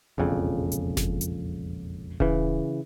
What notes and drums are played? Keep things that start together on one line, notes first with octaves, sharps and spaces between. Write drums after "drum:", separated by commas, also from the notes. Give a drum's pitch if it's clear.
E1 A#1 F2 C#3
drum: hi-hat
drum: snare F#1
drum: hi-hat
C#3 E3, drum: kick D#1